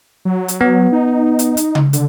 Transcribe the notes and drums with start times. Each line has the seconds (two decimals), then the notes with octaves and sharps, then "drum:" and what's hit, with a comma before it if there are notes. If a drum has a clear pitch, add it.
0.25 F#3
0.48 drum: hi-hat
0.61 B3
0.92 D#4
1.39 drum: hi-hat
1.57 drum: hi-hat
1.75 drum: tom C#3
1.93 D3, drum: hi-hat